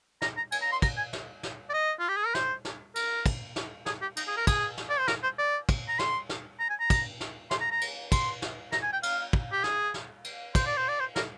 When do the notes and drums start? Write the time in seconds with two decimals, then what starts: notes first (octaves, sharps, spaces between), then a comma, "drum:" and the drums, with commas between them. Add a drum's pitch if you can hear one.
0.22 A#5, drum: snare
0.37 A#5
0.52 G#5, drum: cymbal
0.62 A#5
0.72 C6
0.82 A#5, drum: kick, cymbal
0.97 G#5
1.13 drum: snare
1.43 drum: snare
1.70 D5
1.73 D#5
2.00 F4
2.08 G4
2.17 G#4
2.26 A#4
2.35 C5, drum: snare
2.65 drum: snare
2.96 A#4, drum: cymbal
3.26 drum: kick, cymbal
3.56 drum: snare
3.86 G#4, drum: snare
4.01 G4
4.17 D#4, drum: cymbal
4.27 G#4
4.37 A#4
4.47 G#4, drum: kick, cymbal
4.78 drum: snare
4.90 D5
4.99 C5
5.08 A#4, drum: snare
5.23 C5
5.39 D5
5.69 drum: kick, cymbal
5.88 A#5
5.99 C6, drum: snare
6.29 drum: snare
6.60 A#5
6.70 G#5
6.80 A#5
6.90 drum: kick, cymbal
7.21 drum: snare
7.51 C6, drum: snare
7.61 A#5
7.71 A#5
7.81 drum: cymbal
8.12 C6, drum: kick, cymbal
8.42 drum: snare
8.72 A#5, drum: snare
8.83 G#5
8.93 G5
9.03 F5, drum: cymbal
9.33 drum: kick
9.52 G4
9.64 G#4, drum: snare
9.94 drum: snare
10.24 drum: cymbal
10.55 C5, drum: kick, cymbal
10.66 D5
10.77 C5
10.88 D5
11.00 C5
11.16 A#4, drum: snare